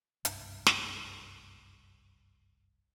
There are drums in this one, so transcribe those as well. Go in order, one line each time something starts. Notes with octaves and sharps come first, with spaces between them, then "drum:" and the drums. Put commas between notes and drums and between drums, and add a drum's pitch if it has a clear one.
F#1 C2 G2, drum: hi-hat
drum: snare